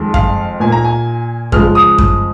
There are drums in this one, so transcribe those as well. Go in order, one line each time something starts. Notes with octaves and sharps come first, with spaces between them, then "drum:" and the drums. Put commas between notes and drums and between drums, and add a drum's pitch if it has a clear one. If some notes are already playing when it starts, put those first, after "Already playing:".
Already playing: F2 D#3 G#3
F5, drum: kick F#2
A#2 A#3 G#5
A#5
G#5
C#3 F3 G#3 F6, drum: kick F#2
D#6
drum: kick F#2